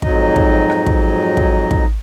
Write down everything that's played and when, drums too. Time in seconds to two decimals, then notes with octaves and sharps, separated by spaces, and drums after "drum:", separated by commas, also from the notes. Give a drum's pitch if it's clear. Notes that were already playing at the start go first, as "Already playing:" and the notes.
0.02 F2 G#2 F#3 D#4 D#5, drum: kick
0.36 drum: kick
0.70 drum: rim click
0.86 drum: kick
1.37 drum: kick
1.71 drum: kick